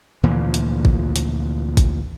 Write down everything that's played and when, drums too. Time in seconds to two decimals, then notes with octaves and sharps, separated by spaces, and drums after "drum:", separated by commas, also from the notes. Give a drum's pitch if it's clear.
0.23 D2 A#2 E3 F3
0.54 drum: hi-hat
0.85 drum: kick A1
1.16 drum: hi-hat
1.77 drum: kick A1, hi-hat